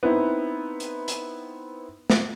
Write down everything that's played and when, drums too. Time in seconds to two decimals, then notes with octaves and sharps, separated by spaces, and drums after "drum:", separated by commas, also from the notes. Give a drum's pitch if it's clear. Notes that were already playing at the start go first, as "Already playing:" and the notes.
0.03 B3 C4 D#4 E4
0.80 drum: hi-hat
1.08 drum: hi-hat
2.10 drum: snare